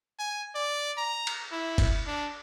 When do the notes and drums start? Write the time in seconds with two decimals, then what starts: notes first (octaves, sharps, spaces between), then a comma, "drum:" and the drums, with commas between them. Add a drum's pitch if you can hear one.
0.19 G#5
0.55 D5
0.97 A#5
1.27 drum: cymbal
1.53 E4
1.78 drum: kick, cymbal
2.07 D4